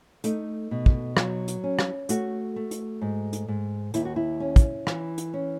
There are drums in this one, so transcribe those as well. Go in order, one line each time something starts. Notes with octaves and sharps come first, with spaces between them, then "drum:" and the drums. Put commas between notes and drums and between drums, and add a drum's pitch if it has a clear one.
A3 D#4, drum: hi-hat
B2
drum: kick
F#3, drum: rim click
drum: hi-hat
C#4
drum: rim click
A3 F#4, drum: hi-hat
A3
drum: hi-hat
G#2
drum: hi-hat
G#2
D#2 E4, drum: hi-hat
F#4
E4
C#4
drum: kick, hi-hat
E3, drum: rim click
drum: hi-hat
C#4